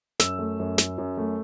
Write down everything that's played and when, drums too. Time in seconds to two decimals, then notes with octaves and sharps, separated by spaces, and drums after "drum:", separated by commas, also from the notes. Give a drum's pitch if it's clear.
0.20 F#2 E6, drum: snare
0.39 A3
0.60 F#2
0.78 F#3, drum: snare
0.98 F#2
1.17 A3